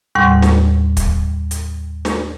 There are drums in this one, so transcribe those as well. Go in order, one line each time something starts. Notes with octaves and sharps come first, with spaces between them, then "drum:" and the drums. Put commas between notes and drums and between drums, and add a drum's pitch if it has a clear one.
D#2 A2 G3 F#5 C6
drum: snare
drum: kick, hi-hat
drum: hi-hat
drum: snare